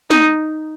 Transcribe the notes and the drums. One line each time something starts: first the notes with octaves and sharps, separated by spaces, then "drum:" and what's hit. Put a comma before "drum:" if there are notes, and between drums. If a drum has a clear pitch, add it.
D#4, drum: snare